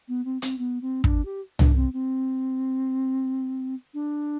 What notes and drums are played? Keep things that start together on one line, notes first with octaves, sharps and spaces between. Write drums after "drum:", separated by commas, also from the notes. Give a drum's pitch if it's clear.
B3
C4
C4, drum: hi-hat
B3
C4
D4, drum: kick
G4
D4, drum: tom C2
C4
C4
D4